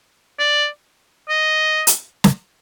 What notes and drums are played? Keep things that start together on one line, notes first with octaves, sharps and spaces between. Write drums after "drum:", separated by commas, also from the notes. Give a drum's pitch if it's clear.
D5
D#5
drum: hi-hat
drum: snare